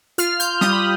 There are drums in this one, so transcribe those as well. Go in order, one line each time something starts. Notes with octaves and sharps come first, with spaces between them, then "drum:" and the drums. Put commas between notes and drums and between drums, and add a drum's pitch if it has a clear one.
F4 F6, drum: hi-hat
G6, drum: hi-hat
G3 D#6, drum: snare
B5